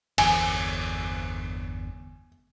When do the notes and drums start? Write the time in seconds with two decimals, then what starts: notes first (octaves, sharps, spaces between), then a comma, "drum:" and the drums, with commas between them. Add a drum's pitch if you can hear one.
0.18 G1 E2 G#5, drum: cymbal